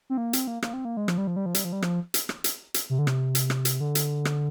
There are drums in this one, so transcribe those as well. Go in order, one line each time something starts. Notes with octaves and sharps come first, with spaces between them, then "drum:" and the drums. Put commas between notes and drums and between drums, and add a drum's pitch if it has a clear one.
C4
A#3
C4, drum: hi-hat
A#3
A#3, drum: rim click
C4
A#3
G#3
F3, drum: rim click
G3
F3
G3
F3
G3, drum: hi-hat
F3
G3
F3, drum: rim click
drum: hi-hat
drum: rim click
drum: hi-hat
drum: hi-hat
C3
D3
C3, drum: rim click
drum: hi-hat
drum: rim click
drum: hi-hat
D3
drum: hi-hat
drum: rim click